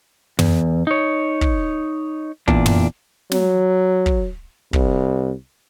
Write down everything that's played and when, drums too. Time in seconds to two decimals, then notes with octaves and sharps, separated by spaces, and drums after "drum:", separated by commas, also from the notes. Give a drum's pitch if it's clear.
0.39 E2, drum: tom
0.87 D#4 C#5
1.41 drum: kick
2.48 E2 A#2 D4, drum: kick
2.66 drum: tom
3.32 F#3, drum: snare
4.06 drum: kick
4.73 C2, drum: kick